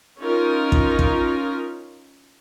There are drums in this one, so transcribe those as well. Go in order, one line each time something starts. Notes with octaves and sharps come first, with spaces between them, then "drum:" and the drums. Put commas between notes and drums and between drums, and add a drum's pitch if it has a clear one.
C#4 D#4 F4 A#4
drum: kick
drum: kick